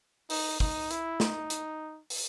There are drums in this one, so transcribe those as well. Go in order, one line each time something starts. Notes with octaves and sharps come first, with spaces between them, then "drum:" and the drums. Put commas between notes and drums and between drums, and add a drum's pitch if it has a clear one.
D#4, drum: open hi-hat
D#4, drum: kick
E4, drum: hi-hat
D#4, drum: snare
drum: hi-hat
drum: open hi-hat